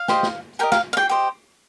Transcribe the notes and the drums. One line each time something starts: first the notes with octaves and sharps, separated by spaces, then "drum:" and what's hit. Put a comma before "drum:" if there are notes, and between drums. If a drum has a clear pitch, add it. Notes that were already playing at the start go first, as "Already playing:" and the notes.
Already playing: F5
G4 C5 D#5, drum: snare
drum: snare
G4 A#4 D#5 G5
F5, drum: snare
F5
G5, drum: rim click
G4 C5 D#5